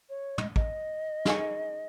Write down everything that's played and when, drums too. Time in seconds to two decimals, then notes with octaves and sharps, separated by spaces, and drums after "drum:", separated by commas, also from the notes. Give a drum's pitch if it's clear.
0.10 C#5
0.38 D#5, drum: tom
0.56 D#5, drum: kick
1.25 D#4 G#4 F5 G#5 C#6, drum: snare